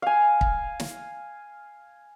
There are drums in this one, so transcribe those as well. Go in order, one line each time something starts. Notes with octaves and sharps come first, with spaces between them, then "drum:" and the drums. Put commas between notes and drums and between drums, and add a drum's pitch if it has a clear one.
F5 G#5
drum: kick
drum: snare